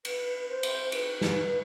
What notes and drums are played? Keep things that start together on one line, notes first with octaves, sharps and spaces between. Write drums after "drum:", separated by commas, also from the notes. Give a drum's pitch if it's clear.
B4, drum: cymbal
C5
drum: cymbal
B4, drum: cymbal
drum: snare